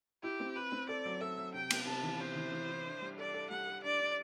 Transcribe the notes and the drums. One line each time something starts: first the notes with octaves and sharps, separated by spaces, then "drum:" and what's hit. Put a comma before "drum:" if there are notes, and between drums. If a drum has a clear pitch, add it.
E4 G4
C4
E4 B4
C4
A4 D5
F#3
A4 E5
F#3
C3 G5
B3, drum: cymbal
C3 A5
E3
C3 C5
E3
E3
E4
D4
G3
A4 D5
A4
G3 F#5
A4
D4 D5
D4